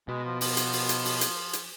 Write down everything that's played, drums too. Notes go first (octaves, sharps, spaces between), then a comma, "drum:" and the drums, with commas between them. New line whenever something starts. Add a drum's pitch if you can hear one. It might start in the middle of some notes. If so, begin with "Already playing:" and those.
B2 G#3
F3
F3, drum: open hi-hat
drum: hi-hat
drum: open hi-hat
drum: hi-hat
drum: open hi-hat
drum: hi-hat
drum: hi-hat